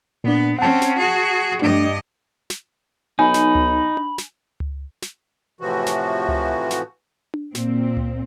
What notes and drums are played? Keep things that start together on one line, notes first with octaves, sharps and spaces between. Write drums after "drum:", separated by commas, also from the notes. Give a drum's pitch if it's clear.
A#2 B3 D4
C4 C#4 F#5 A5
drum: snare
F#4 G#4
G2 A3 D4 D#5
drum: snare
B1 D#4 G#5 B5
drum: snare
drum: tom C#2
drum: tom D4
drum: snare
drum: tom C#2
drum: snare
A2 C3 E3 F3 F#4
drum: snare
drum: tom C#2
drum: snare
drum: tom D4
A#2 C4, drum: snare
drum: tom C#2